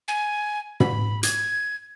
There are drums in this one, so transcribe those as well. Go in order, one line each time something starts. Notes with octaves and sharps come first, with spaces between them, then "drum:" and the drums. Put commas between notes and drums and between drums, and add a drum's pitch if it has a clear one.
G#5
B5, drum: tom
G#6, drum: hi-hat